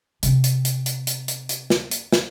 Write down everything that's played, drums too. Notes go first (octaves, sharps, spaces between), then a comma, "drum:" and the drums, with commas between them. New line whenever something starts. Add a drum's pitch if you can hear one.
C3 C4, drum: hi-hat
drum: hi-hat
drum: hi-hat
drum: hi-hat
drum: hi-hat
drum: hi-hat
drum: hi-hat
drum: snare
drum: hi-hat
drum: snare